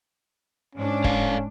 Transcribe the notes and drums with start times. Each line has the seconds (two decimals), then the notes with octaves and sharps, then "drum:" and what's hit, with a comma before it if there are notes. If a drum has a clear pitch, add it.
0.75 G#2 C#4 D4
1.04 A4 D5 F5, drum: kick